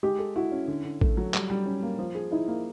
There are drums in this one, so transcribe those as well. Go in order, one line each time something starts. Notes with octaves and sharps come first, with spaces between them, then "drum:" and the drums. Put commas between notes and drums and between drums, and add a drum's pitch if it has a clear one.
G#3 G4
A4
E4 F#4
C#4
D3
D3
A3, drum: kick A1
F#3
G3, drum: clap
G3
C#4
A#3
F3
G#4
D#4 E4
A#3